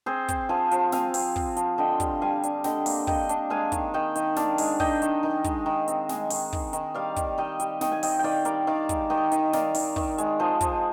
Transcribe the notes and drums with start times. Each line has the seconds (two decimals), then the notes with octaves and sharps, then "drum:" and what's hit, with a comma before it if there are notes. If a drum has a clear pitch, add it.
0.06 C4 G#4 C5
0.28 C4, drum: kick, hi-hat
0.49 F3 F5 G#5
0.71 F3, drum: hi-hat
0.92 C4 F5 G#5, drum: snare
1.14 C4, drum: open hi-hat
1.36 C4, drum: kick
1.56 F3, drum: hi-hat
1.78 D3 D#5 G5
2.00 G3, drum: kick, hi-hat
2.22 G3 F5 G#5
2.43 D4, drum: hi-hat
2.64 D3 D#5 G5, drum: snare
2.86 A#3, drum: open hi-hat
3.07 A#3 D#5 G5, drum: kick
3.29 D4, drum: hi-hat
3.50 G#3 F5 G#5
3.72 D#3, drum: kick, hi-hat
3.94 D#3 D#5 G5
4.15 D#3, drum: hi-hat
4.36 D4 D5 F5, drum: snare
4.58 G#3, drum: open hi-hat
4.80 D4 D#5 G5, drum: kick
5.02 D#3, drum: hi-hat
5.23 D#3
5.44 G#3, drum: kick, hi-hat
5.66 D#3
5.88 C4, drum: hi-hat
6.09 G#3, drum: snare
6.30 D#3, drum: open hi-hat
6.53 D#3, drum: kick
6.73 D#3, drum: hi-hat
6.94 G3 D5 F5
7.16 D#3, drum: kick, hi-hat
7.38 D#3 D#5 G5
7.60 G3, drum: hi-hat
7.81 D#3 D#5 G5, drum: snare
7.92 G#5
8.03 C4 D#5 G5, drum: open hi-hat
8.19 D#3 D5 F5 G5
8.45 G3 A#4 D5, drum: hi-hat
8.67 D#3 D5 F5
8.89 G#3, drum: kick, hi-hat
9.10 D#3 D#5 G5
9.32 D#3, drum: hi-hat
9.53 D#3 D5 F5, drum: snare
9.75 D#3, drum: open hi-hat
9.96 D#3, drum: kick
10.18 G#3, drum: hi-hat
10.40 F3 C5 D#5
10.61 F3, drum: kick, hi-hat